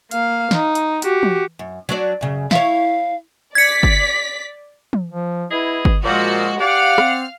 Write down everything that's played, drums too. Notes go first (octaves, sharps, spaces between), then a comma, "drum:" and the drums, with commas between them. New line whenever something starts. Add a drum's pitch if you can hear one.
A#3 F5, drum: hi-hat
D#4, drum: snare
drum: hi-hat
F#4 G4, drum: hi-hat
drum: tom
F#2
F#3 D4 D5
F#2 C#3
E4 C#5 F5, drum: snare
D5 G#6 B6 C#7
drum: kick G1
drum: tom
F3
B3 E4 G#4 D#5
drum: kick G1
A#2 F3 G#3 F#4
G4 D5 F5 F#5 F6
C4, drum: rim click